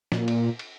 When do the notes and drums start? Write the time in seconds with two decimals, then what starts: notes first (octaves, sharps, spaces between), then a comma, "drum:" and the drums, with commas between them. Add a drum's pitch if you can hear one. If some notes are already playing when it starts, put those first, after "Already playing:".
0.12 A#2, drum: snare
0.28 drum: cymbal
0.59 drum: cymbal